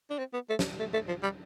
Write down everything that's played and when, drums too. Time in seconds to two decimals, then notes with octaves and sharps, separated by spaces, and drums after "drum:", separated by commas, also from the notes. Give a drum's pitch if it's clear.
0.10 D4
0.19 C4
0.34 B3
0.50 A3
0.59 drum: snare
0.79 A3
0.93 A3
1.08 F3
1.23 G3